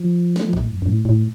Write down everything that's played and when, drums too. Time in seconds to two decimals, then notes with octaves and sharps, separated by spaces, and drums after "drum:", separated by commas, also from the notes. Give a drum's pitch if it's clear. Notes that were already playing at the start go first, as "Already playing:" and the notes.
Already playing: F3
0.36 A3, drum: snare
0.45 F3
0.53 A#2, drum: kick
0.62 A2
0.71 F#2
0.82 F#2
0.88 A2
1.05 A2